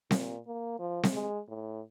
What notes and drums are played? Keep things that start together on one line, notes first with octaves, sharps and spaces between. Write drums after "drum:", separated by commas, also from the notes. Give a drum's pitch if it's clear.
A#2, drum: snare C4
A#3
F3
drum: snare C4
G#3
A2